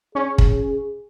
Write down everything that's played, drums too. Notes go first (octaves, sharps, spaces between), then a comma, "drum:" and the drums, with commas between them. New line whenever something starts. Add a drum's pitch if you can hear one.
C#4 G#4
drum: kick